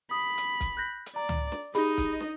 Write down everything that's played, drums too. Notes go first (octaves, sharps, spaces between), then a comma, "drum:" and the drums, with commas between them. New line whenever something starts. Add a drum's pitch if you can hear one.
B5 D#6
drum: hi-hat
drum: kick, hi-hat
F#6 G6 A#6
drum: hi-hat
D5 A#5
drum: tom C#2
drum: snare
D#4 G4 G#4 D#5 B5, drum: hi-hat
drum: kick, hi-hat
drum: snare